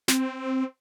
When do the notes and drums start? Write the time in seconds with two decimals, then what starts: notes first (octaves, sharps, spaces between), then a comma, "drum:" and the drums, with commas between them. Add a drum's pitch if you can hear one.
0.08 C4, drum: snare